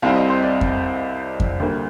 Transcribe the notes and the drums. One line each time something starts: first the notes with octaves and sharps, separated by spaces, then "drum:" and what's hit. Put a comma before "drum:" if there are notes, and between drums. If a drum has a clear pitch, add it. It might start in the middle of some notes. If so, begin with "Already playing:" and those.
C2 C3 G3 C4 F5
D#5
C5
D5
drum: kick F2
drum: kick F2
D2 D3 G3 A#3